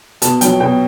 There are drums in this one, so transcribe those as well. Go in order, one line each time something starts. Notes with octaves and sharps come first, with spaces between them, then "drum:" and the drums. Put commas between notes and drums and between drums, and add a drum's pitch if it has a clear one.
B2 A5, drum: hi-hat
F#3 G5, drum: hi-hat
B2 G5